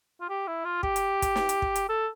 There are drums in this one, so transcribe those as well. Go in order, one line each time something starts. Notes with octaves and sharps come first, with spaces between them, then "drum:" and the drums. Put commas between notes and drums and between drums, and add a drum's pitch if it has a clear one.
F4
G4
E4
F4
G4, drum: kick
drum: hi-hat
drum: kick, hi-hat
drum: snare
drum: hi-hat
drum: kick
drum: hi-hat
A4